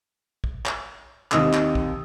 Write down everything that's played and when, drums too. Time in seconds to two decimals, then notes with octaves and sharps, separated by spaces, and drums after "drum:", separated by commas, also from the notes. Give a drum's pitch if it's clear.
0.44 drum: kick
0.66 drum: clap
1.31 D#2 C3 D#5 D#6 E6, drum: clap
1.53 drum: clap
1.75 drum: kick